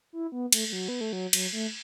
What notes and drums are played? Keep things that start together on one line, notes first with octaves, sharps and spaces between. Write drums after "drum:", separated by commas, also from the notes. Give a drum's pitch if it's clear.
E4
B3
A3, drum: cymbal
A3
F#3
B3
A3
F#3
F#3, drum: cymbal
A3